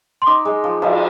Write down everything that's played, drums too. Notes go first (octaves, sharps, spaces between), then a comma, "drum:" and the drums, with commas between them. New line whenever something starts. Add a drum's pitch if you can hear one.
C6
D#4 D6
G#3
F3
F3, drum: cymbal